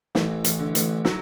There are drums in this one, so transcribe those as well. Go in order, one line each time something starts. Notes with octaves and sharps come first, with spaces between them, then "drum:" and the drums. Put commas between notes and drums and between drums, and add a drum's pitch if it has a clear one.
A1 E3, drum: snare
A1, drum: hi-hat
D3
A1, drum: hi-hat
F#3, drum: snare